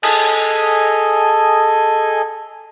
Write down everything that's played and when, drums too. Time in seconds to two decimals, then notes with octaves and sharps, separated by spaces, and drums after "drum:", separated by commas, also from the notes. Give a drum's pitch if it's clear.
0.03 G#4 A4 D#5 G#5, drum: cymbal